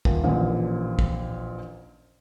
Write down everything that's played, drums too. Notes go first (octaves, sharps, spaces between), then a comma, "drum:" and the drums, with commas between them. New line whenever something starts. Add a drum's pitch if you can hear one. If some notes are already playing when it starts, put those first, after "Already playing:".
D#1, drum: kick
A1 A#2 D3 F3
drum: kick